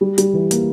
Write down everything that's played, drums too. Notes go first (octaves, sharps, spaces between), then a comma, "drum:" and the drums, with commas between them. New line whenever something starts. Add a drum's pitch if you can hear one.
G3
G3, drum: hi-hat
E3
A#3, drum: hi-hat